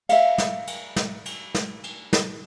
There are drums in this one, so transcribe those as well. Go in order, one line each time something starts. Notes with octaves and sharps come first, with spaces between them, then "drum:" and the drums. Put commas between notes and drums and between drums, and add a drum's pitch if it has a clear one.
E5 F5, drum: cymbal
drum: snare
drum: cymbal
drum: snare
drum: cymbal
drum: snare
drum: cymbal
drum: snare